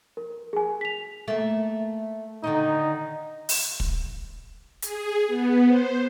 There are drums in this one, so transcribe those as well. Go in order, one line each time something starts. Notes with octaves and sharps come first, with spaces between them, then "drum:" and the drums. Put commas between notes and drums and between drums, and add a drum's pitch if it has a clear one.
A#4
G#4 G#5
B6 F7
A3 A#3
D3 D#3 D#4 D#5
drum: open hi-hat
drum: kick
G#4, drum: hi-hat
B3
C5